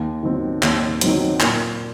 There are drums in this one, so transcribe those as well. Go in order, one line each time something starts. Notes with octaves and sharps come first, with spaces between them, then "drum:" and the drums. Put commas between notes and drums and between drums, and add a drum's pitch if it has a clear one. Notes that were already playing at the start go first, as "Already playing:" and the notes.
Already playing: D#2
D#3 F#3 C4
D#2, drum: clap
D#3 F#3 C4, drum: hi-hat
A#2, drum: clap